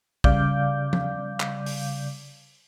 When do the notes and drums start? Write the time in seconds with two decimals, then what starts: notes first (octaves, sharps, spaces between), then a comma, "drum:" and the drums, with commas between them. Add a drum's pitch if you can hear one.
0.24 C#3 G3 D5 F5 D6 G6, drum: kick
0.93 drum: tom F3
1.40 drum: clap
1.66 drum: open hi-hat